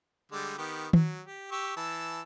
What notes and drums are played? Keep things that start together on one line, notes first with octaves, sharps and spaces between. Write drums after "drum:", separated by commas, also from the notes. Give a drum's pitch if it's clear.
D3 G3 G#3
D#3 B3 G4
F#3, drum: tom D#3
G4
G4 C#6 E6
E3 A5 E6